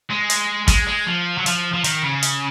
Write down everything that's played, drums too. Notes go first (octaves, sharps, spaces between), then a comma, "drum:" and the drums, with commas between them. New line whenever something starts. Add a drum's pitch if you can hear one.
G#3
drum: hi-hat
G#3, drum: kick, hi-hat
G#3
F3
F#3
F3, drum: hi-hat
F3
D#3, drum: hi-hat
C#3
drum: hi-hat